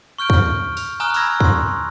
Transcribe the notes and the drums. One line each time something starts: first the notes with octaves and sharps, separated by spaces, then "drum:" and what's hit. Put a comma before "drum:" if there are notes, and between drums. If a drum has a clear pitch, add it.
C#6 F6 G6 D7
drum: kick
F7, drum: tambourine
G#5 A#5 C#6 D#6 F6 F#6
B5 D6 E6 G#6 A#6, drum: tambourine
C6 C#6 D#6, drum: kick